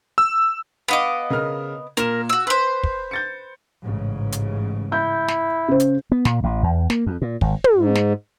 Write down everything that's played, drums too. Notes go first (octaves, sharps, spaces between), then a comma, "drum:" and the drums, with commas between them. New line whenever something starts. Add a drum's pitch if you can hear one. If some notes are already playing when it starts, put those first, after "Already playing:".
E6
B3 D#5 F5 F#5 B5 D6
C#3 A#4 F6
A#2 A#4 E7, drum: hi-hat
F#4 E6
B4 C5 C6
drum: kick
G6 A6 C#7
A1 G#2 C#3
drum: hi-hat
E4 G6
drum: snare
C#3 C5
drum: hi-hat
B3
A#2, drum: snare
A1
E2
A#3, drum: snare
F2
A#2
G#1, drum: kick
drum: tom
G#2
drum: snare